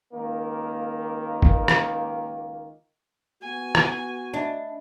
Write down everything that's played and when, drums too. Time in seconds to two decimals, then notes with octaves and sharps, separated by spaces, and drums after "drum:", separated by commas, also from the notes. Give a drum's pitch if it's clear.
0.13 C#2 D#3 A#3
1.42 drum: kick
1.68 drum: rim click
3.42 B3 F#4 G#5
3.75 drum: rim click
4.34 D4 D#5 E5 B5